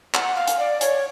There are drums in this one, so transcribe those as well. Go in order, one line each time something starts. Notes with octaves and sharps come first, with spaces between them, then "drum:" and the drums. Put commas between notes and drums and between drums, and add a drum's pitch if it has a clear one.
F#5, drum: clap
F5
drum: hi-hat
D5
C#5, drum: hi-hat